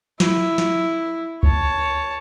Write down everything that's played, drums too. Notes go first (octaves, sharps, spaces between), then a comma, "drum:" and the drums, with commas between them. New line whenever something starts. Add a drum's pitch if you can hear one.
E4, drum: snare
drum: snare
C#5 A5, drum: kick C#2